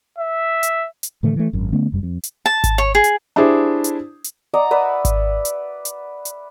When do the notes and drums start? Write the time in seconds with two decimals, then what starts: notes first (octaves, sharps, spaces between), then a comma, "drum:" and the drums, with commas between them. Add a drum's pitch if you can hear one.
0.19 E5
0.63 drum: hi-hat
1.03 drum: hi-hat
1.23 A2 D3 E3 A3
1.36 E3 A3
1.53 G#1 F#2
1.72 D3 A3 B3 C#4
1.92 F1 F#2 G3
2.03 F2
2.23 drum: hi-hat
2.46 A5
2.64 drum: kick G#1, hi-hat
2.78 C#5
2.95 G#4
3.04 drum: hi-hat
3.36 D4 E4 G4 G#4 C5
3.84 drum: hi-hat
4.24 drum: hi-hat
4.54 D5 D#5 F#5 A#5
4.71 B4 D5 E5
5.05 drum: kick G#1, hi-hat
5.45 drum: hi-hat
5.85 drum: hi-hat
6.25 drum: hi-hat